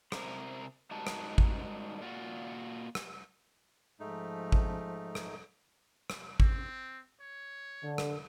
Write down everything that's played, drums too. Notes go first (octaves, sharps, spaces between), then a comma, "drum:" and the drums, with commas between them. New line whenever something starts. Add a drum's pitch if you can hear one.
C3 A#4 C5, drum: rim click
G#2 G3 D#4 F#4 A#4 A5
drum: rim click
drum: kick G#1
A#2 F4 F#4
drum: rim click
G#2 F3 A3 D#4
drum: kick G#1
drum: rim click
drum: rim click
C4, drum: kick G#1
C#5
D3
drum: rim click